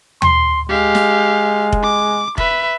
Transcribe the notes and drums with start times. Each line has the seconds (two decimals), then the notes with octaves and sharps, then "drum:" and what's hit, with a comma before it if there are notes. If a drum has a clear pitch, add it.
0.22 C6, drum: tom D#2
0.69 G#3 G4 F5
0.95 drum: snare
1.73 drum: kick F1
1.83 D6
2.38 B4 E5, drum: kick F1